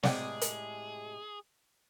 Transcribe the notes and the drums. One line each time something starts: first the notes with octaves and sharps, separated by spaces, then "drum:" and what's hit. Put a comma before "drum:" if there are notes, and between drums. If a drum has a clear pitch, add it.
A2 C3 G#3 G#4 D5 F#5 G5, drum: snare
drum: hi-hat